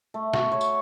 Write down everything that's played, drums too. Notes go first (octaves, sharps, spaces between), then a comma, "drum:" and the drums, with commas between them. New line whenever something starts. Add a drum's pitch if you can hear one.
A3
F#4, drum: snare
C#5
drum: tambourine